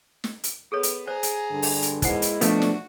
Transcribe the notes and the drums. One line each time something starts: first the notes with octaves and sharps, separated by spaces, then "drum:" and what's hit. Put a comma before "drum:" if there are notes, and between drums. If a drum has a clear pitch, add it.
drum: snare
drum: hi-hat
B3 G#4 A4 C#5
drum: hi-hat
G#4 C5 D5 A#5
drum: hi-hat
G2 D3
drum: open hi-hat
drum: hi-hat
G#3 A#3 B3 D#4 E4 C5 F#5, drum: kick, hi-hat
drum: hi-hat
B2 F3 A3 D4 F#4, drum: hi-hat
drum: snare